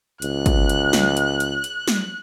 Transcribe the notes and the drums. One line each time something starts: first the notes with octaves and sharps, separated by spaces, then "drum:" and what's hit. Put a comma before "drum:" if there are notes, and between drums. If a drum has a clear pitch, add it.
C#2 F#6, drum: hi-hat
drum: kick, hi-hat
drum: hi-hat
drum: snare
drum: hi-hat
drum: hi-hat
drum: hi-hat
drum: snare